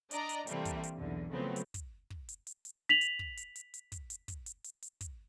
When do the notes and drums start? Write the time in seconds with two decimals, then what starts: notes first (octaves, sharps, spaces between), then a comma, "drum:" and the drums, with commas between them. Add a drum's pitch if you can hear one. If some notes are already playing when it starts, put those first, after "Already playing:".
0.11 D4 D5 D#5 A#5, drum: hi-hat
0.29 drum: hi-hat
0.47 C3 E3 G3 A3 A#3 C4, drum: hi-hat
0.65 drum: kick, hi-hat
0.83 drum: hi-hat
0.97 B1 E2 D3 E3
1.31 C#3 F3 F#3 A3 B3 C4
1.56 drum: hi-hat
1.74 drum: kick, hi-hat
2.10 drum: kick
2.29 drum: hi-hat
2.47 drum: hi-hat
2.65 drum: hi-hat
2.89 B6 F7 F#7
3.01 drum: hi-hat
3.19 drum: kick
3.37 drum: hi-hat
3.55 drum: hi-hat
3.74 drum: hi-hat
3.92 drum: kick, hi-hat
4.10 drum: hi-hat
4.28 drum: kick, hi-hat
4.46 drum: hi-hat
4.64 drum: hi-hat
4.82 drum: hi-hat
5.01 drum: kick, hi-hat